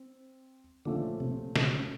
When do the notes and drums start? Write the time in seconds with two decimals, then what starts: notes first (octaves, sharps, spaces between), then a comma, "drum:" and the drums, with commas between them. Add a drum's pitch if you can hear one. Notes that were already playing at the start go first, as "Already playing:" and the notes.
Already playing: C4
0.85 A#2 D3 F3 A3 C#4
1.20 C3
1.56 C#3, drum: snare